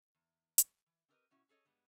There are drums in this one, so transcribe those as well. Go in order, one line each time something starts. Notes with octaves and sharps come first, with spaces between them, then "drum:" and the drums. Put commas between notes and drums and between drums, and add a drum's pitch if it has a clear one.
E2
drum: hi-hat
E3
C4 D4 G4 A#4 B4 D#5
B2 C#4 E4 F#4
C#4 G#4 A4 C#5 D#5
G2 G3 G#3 B3